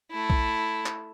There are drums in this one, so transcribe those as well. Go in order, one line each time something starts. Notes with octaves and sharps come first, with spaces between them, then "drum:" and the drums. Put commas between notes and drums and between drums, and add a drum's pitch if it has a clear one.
A3 E4
drum: kick
drum: clap